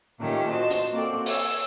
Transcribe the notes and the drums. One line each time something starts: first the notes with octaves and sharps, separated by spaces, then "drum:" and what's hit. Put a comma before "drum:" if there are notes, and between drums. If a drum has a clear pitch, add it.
A#2 D#3 A3 C#4 G4
F#4 C5 D#5 A5
drum: hi-hat
A#3 C4 F#4 A4 D5 G5
C#5 E6, drum: open hi-hat